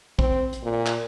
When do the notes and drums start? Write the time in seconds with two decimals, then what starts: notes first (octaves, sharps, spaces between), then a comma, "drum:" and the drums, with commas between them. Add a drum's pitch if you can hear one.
0.19 C4, drum: kick
0.53 drum: hi-hat
0.63 A#2
0.87 drum: clap